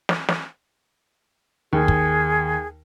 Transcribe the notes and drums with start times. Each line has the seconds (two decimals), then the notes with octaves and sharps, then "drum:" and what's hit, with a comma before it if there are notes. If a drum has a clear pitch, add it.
0.09 drum: snare
0.29 drum: snare
1.73 D#2 G#4
1.88 drum: kick